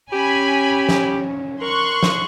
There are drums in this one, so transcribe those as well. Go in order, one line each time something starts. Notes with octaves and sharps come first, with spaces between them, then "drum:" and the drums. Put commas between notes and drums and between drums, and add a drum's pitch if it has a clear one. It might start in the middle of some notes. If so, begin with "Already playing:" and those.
C#4 G4 G#5 B5
drum: snare
A#4 C6 C#6 F#6
drum: snare